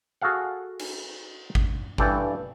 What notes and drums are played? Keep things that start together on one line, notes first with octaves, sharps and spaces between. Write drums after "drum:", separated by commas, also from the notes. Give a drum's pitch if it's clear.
F#4 G#4 A4 F5 F#5
drum: cymbal
drum: kick G#1
G2 E3 A4 G5, drum: kick G#1